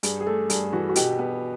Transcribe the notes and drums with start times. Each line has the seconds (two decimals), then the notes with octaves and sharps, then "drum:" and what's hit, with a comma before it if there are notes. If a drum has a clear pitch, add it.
0.03 G2 G#4, drum: hi-hat
0.21 G#4
0.26 A3 A4
0.50 G2 G#4, drum: hi-hat
0.73 E3 F#4
0.89 F#4
0.96 B2 G4, drum: hi-hat
1.19 B3